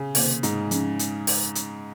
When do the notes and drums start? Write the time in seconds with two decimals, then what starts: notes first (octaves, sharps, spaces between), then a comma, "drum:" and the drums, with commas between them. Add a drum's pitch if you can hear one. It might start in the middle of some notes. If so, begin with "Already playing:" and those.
Already playing: C#3
0.15 C3 D#3 A#3 F4 C5, drum: open hi-hat
0.43 G#2, drum: hi-hat
0.71 F3 G#3 C#4, drum: hi-hat
0.99 drum: hi-hat
1.27 drum: open hi-hat
1.55 drum: hi-hat